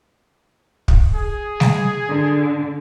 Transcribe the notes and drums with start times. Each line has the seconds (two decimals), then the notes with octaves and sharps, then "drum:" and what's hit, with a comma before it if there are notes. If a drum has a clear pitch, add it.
0.88 drum: kick
1.15 G#4
1.60 drum: snare G3
2.08 D3